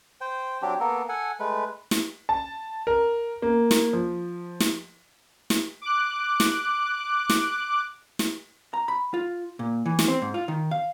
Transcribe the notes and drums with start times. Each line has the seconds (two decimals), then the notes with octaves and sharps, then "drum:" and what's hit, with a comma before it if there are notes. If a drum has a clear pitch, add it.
0.21 C5 G5
0.62 F#3 C4 D4 G4
0.80 A#3 B3 A4 A#4
1.09 A4 F#5 G#5
1.40 G#3 A3 B4
1.91 drum: snare
2.29 A5
2.87 A#4
3.42 A#3
3.71 drum: snare
3.93 F3
4.60 drum: snare
5.50 drum: snare
5.82 D6 F#6
6.40 drum: snare
7.30 drum: snare
8.19 drum: snare
8.73 A#5
8.88 B5
9.14 F4
9.59 A#2
9.86 E3
9.99 drum: snare
10.08 C4
10.22 G#2
10.34 F4
10.48 D#3
10.71 F5